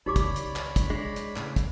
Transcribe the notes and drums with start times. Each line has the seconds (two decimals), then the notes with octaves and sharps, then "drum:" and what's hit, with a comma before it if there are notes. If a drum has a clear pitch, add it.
0.06 C#2 D#3 D#4 G4 C#5 D5 B5 D6
0.16 drum: kick, hi-hat
0.36 drum: hi-hat
0.56 drum: clap
0.76 drum: kick, hi-hat
0.90 F2 G#3 D4
1.16 drum: hi-hat
1.36 A2 C#3, drum: clap
1.56 drum: kick, hi-hat